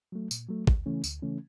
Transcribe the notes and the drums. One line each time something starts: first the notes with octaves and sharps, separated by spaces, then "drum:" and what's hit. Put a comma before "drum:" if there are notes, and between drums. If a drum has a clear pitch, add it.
F#3 A3
A#2, drum: tambourine
F#3 A3
D2, drum: kick
C#3 E3 A3 C#4
D2, drum: tambourine
C#3 E3 A3 C#4